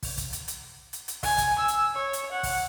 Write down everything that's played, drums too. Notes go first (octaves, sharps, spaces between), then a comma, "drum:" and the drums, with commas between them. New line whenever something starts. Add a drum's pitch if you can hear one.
drum: kick, open hi-hat
drum: kick, hi-hat
drum: hi-hat
drum: hi-hat
drum: hi-hat
drum: hi-hat
G#5, drum: kick, open hi-hat
drum: kick, hi-hat
E6
drum: hi-hat
C#5
drum: hi-hat
F#5
drum: kick, open hi-hat